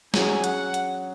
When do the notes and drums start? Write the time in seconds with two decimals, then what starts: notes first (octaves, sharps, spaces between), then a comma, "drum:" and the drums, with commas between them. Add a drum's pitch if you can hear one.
0.14 F#3 C#4 G#4 G#5, drum: snare
0.44 F#5, drum: hi-hat
0.74 drum: hi-hat